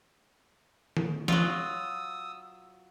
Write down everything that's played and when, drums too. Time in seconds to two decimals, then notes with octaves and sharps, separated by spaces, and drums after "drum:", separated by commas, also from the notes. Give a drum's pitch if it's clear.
0.97 drum: tom D3
1.28 F#3 F4 D#6 E6, drum: snare